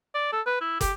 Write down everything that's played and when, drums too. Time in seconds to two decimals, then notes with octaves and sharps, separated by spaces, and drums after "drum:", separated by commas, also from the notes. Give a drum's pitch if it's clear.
0.15 D5
0.33 A4
0.47 B4
0.61 E4
0.81 G4, drum: kick, hi-hat